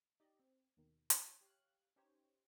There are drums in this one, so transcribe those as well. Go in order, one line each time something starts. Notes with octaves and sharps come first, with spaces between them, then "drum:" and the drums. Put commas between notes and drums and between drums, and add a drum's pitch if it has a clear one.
D#4 G4 D5 D#5
C4
D#2 B2 D#3
drum: hi-hat
G4 C#5 F5 F#6
C#4 D#4 G4 C5 C#5